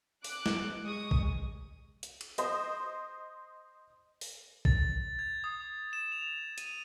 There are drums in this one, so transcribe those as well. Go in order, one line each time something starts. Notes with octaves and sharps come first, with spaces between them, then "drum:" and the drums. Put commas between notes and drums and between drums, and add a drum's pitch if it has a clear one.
D6 F#6, drum: open hi-hat
drum: snare
G#3 C#6 D#6
drum: kick A1
drum: hi-hat
drum: cymbal
C5 D#5, drum: hi-hat
drum: open hi-hat
A6, drum: kick A1
G#6
D#6
E7
F7
D#7, drum: hi-hat